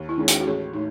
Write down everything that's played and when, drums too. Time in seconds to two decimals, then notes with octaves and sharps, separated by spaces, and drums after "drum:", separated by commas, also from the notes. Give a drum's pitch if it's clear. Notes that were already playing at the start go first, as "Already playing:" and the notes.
Already playing: D#2
0.09 E4
0.18 D#3 G#3 C#4
0.28 F#4, drum: hi-hat
0.41 F#4
0.47 A1 G#4
0.73 A2 D#4